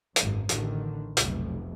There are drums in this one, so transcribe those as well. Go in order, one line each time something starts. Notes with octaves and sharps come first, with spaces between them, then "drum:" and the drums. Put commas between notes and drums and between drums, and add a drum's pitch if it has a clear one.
G#1 F#2, drum: hi-hat
A1 D3 D#3, drum: hi-hat
F1 B1, drum: hi-hat